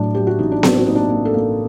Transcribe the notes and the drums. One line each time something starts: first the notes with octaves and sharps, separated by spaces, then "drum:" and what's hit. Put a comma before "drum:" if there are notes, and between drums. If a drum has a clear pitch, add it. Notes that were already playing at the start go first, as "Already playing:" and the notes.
Already playing: A2 F#3 D4
F#3 G4
F#4
A1 D#4
D4
F#3 C4, drum: snare B3
F#4
A#3 D#4
D4
A#3
A4
A#3